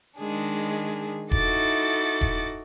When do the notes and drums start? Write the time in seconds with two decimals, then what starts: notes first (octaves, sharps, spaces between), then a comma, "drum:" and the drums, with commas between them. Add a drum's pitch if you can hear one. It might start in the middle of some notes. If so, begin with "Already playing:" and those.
0.18 D#3 G#3 D4 G#4
1.31 D#4 E4 F#4 A4 D6 A6, drum: kick D#1
2.21 drum: kick D#1